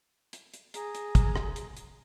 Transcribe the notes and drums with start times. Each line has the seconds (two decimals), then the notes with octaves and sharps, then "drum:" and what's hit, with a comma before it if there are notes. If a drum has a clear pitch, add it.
0.33 drum: hi-hat
0.54 drum: hi-hat
0.74 G#4 A#5, drum: hi-hat
0.95 drum: hi-hat
1.15 drum: kick, hi-hat
1.36 drum: rim click
1.56 drum: hi-hat
1.76 drum: hi-hat